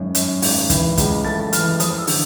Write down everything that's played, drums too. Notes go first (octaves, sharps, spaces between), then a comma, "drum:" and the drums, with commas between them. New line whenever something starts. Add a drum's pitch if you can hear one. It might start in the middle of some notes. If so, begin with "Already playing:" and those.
Already playing: G#1 F#2
F#2, drum: hi-hat
G#1, drum: open hi-hat
E3, drum: kick, hi-hat
C#2, drum: kick, hi-hat
A3 A6
E3 F6, drum: hi-hat
F3 D#6, drum: hi-hat
E6
D3, drum: open hi-hat